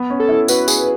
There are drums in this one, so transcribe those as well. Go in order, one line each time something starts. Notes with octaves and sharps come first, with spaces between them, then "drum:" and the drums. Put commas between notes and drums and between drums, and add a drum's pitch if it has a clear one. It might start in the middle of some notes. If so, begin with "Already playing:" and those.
Already playing: B3
C#4
A4
E4
F#4 B4, drum: tambourine
G#4, drum: tambourine